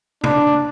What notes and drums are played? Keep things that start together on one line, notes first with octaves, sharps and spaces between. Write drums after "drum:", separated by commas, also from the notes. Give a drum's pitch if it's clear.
D4, drum: tom